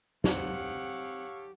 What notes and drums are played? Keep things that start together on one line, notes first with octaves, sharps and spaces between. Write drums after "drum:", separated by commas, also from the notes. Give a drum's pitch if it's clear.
C4 G4 A4 C#5 F5 F#5, drum: snare